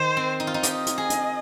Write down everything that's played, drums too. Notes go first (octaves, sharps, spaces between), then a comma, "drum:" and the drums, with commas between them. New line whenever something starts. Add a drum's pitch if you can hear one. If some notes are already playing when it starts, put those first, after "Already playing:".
Already playing: D#3 C5
C4
D#4
F4
D#4
G4 D#5, drum: hi-hat
drum: hi-hat
G#4
drum: hi-hat